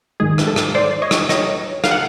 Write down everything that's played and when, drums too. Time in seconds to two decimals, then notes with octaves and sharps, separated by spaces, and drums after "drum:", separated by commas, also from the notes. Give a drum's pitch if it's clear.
0.20 G#2 D#3 G#3 G#4
0.38 drum: rim click
0.47 A4
0.56 drum: rim click
0.75 C5 D5
1.02 C#5 D#5
1.11 drum: rim click
1.29 C#5 D#5, drum: rim click
1.84 F5, drum: rim click
1.91 F#5